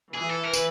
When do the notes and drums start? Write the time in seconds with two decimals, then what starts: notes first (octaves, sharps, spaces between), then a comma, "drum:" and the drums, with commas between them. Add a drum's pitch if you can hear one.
0.14 E3 G#4
0.29 A4
0.43 A#4
0.54 B4, drum: tambourine